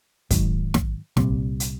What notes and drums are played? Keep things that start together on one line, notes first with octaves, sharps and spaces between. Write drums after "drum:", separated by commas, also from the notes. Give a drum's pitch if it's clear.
G#2 D#3 F#3, drum: kick, hi-hat
drum: snare
C2 A#2 G3 C4, drum: snare
drum: hi-hat